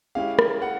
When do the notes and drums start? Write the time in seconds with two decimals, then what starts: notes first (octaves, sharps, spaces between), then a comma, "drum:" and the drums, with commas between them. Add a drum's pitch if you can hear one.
0.15 G#3 C#4 E4 G4 F5
0.39 drum: rim click
0.62 F#5